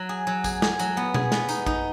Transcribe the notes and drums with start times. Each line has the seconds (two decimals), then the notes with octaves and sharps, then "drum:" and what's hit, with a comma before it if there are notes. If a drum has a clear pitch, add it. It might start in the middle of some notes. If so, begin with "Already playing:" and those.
Already playing: F#3
0.09 G#4
0.27 F#3
0.44 G#4, drum: kick, tambourine
0.62 G#4, drum: snare
0.79 F#3, drum: tambourine
0.97 B3
1.14 G#4, drum: tom B2
1.32 B3, drum: snare
1.49 D#4, drum: tambourine
1.66 D#4, drum: kick